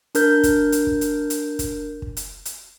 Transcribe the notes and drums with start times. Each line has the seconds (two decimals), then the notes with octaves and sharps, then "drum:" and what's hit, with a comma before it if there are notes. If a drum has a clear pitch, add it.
0.15 D4 A#4 G6, drum: hi-hat
0.43 drum: kick, hi-hat
0.72 drum: hi-hat
0.87 drum: kick
1.01 drum: hi-hat
1.30 drum: hi-hat
1.59 drum: kick, hi-hat
2.02 drum: kick
2.17 drum: hi-hat
2.45 drum: hi-hat